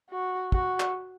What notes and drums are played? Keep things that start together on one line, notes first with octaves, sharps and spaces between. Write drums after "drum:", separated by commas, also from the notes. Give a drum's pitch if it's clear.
F#4
F#4, drum: kick
drum: clap